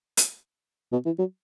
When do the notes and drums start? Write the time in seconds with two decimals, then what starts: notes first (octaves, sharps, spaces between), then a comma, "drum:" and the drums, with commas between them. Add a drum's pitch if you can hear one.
0.17 drum: hi-hat
0.92 B2
1.06 E3
1.19 F#3